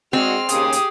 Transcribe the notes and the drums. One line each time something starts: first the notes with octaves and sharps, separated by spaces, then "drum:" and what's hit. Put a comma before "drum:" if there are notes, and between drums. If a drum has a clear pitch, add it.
G#3 C4 D4 F#4 G#4 D#5 F6
D#2 C#3 G4 G#4 D#6, drum: hi-hat
drum: hi-hat